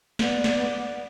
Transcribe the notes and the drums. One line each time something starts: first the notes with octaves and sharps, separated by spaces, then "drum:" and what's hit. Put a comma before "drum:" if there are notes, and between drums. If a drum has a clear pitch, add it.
B3 D5, drum: snare
drum: snare